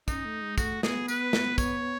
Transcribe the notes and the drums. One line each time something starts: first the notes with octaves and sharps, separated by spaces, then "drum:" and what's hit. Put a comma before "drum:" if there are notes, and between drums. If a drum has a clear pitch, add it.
C#4 D#4, drum: kick, tambourine
A3
G#3
A3 F#4, drum: kick, tambourine
B3 G#4, drum: snare
B4, drum: tambourine
drum: snare
C#5, drum: kick, tambourine